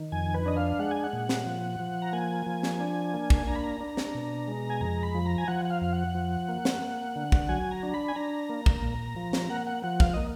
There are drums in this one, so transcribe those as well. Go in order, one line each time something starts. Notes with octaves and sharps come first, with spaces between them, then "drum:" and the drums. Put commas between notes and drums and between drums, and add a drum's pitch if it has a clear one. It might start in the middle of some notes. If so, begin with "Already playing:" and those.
Already playing: D#3
F2 G#5
B4
D4 D#5
F5
G#3 F#5
G#5
F#5
A#2
drum: snare
F3
F3
A#5
A#3 G#5
F3
drum: snare
D4
A#3
drum: kick
D4 A#5
B5
A#5
D4
drum: snare
B2
G#3
G#5
F2 A#5
B5
F3
A#5
G#5
F3 F#5
F#5
F5
F2 F5
F#5
F3
A#3
drum: snare
A#3
D3
drum: kick
F#3 G#5
A#5
D4
B5
G#5
D4 A#5
A#3
drum: kick
A#2
F3
drum: snare
A#3 F#5
F#5
F3 F#5
F5, drum: kick
A#3 D#5